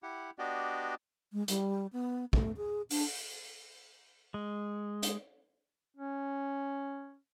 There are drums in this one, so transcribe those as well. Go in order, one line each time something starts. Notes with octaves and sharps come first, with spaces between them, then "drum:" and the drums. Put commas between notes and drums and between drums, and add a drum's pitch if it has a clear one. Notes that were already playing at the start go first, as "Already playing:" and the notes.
E4 G4 F#5
B3 D4 F#4 G4 D5 D#5
G#3
G3, drum: hi-hat
B3
A3, drum: kick
G#4
D4, drum: open hi-hat
G#3
drum: hi-hat
C#4